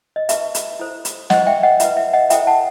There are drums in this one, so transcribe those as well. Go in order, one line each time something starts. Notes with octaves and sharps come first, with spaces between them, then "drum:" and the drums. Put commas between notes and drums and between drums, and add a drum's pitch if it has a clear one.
D#5
D#4 G4 B4 E5, drum: hi-hat
drum: hi-hat
E4 A4 C5
drum: hi-hat
E4 G4 C5 D#5 F#5, drum: snare
E5 G5
D#5 F#5
E4 B4 E5, drum: hi-hat
E5
D#5 F#5
E4 A4 C5 E5 G5, drum: hi-hat
F#5 A5